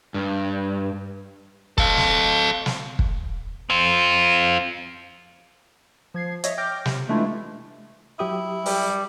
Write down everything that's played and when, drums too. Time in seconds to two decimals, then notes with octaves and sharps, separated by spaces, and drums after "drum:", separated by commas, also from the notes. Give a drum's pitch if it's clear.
0.14 G2
1.78 A4 F5, drum: kick
1.97 drum: snare
2.66 drum: snare
2.99 drum: kick
3.70 C4 F4
6.14 F3 G#6 C7
6.44 C#5 D#5 E5, drum: hi-hat
6.58 G5 D6 F6 G6 A#6
6.85 C3, drum: snare
7.08 E3 G#3 A3 D4 E4 F4
8.19 F#3 E4 G4 D#6
8.66 G3, drum: open hi-hat